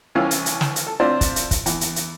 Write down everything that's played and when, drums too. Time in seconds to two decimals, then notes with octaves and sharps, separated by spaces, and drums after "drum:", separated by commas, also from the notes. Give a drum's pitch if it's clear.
0.15 C2 E3 C#4 F5 E6
0.31 drum: hi-hat
0.46 drum: hi-hat
0.61 drum: snare
0.76 drum: hi-hat
0.87 A4
1.00 C4 D4 E4 F4 C5 D5
1.21 drum: kick, hi-hat
1.36 drum: hi-hat
1.51 drum: kick, hi-hat
1.66 E2, drum: hi-hat
1.81 drum: hi-hat
1.96 drum: hi-hat